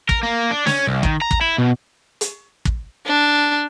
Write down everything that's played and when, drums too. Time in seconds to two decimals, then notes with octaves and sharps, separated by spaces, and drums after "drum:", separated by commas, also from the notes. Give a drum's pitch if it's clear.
0.09 A#4, drum: kick
0.23 A#3
0.51 D4
0.66 C#4, drum: snare
0.87 C2
1.03 D#3, drum: kick
1.22 A#5
1.31 drum: kick
1.41 E4
1.58 B2
2.21 drum: hi-hat
2.65 drum: kick
3.06 D4